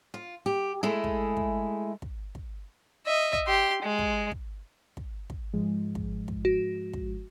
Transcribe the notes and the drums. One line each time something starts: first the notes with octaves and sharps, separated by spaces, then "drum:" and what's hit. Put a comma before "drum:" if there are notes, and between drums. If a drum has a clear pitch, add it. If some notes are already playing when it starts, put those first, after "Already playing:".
F4
G4
G#3 A3 E4 G#4
drum: kick
drum: kick
drum: kick
drum: kick
D#5 E5
drum: kick
G4 C6
G#3
drum: kick
drum: kick
drum: kick
drum: kick
G#2 F3 G#3
drum: kick
drum: kick
F#4
drum: kick